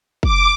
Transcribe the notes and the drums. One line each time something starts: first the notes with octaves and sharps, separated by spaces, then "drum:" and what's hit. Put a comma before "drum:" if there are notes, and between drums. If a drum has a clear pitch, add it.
D6, drum: kick